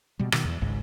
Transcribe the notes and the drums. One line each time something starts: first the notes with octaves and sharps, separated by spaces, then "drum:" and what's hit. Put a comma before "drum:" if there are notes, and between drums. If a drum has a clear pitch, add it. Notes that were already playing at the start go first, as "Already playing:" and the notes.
B2 G3
B2 D#3, drum: rim click
E2
G#1 C#2 G#2